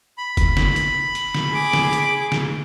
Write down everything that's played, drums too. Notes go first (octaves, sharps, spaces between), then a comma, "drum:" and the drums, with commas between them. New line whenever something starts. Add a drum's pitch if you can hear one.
B5
drum: kick, hi-hat
drum: snare
drum: hi-hat
drum: hi-hat
drum: snare
G#4 D6
drum: snare
drum: hi-hat
drum: snare